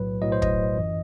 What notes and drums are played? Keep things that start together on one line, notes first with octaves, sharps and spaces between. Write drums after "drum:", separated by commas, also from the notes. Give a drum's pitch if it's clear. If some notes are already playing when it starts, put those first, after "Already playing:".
Already playing: B1 A2 F#3 B4
B1 A2 F#3 D#5
C5
D#5, drum: kick
G1 F#2 E3